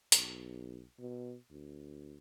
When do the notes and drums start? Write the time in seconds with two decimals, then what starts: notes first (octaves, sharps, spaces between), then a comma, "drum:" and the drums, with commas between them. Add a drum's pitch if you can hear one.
0.12 B1, drum: hi-hat
0.99 B2
1.51 D2